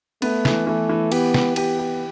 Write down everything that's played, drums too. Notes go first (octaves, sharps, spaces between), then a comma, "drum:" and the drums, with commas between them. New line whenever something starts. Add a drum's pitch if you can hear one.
A3 B3, drum: cymbal
E3, drum: snare
E3 A3
E3
B3 G4, drum: cymbal
G4, drum: snare
B3 G4, drum: cymbal
G4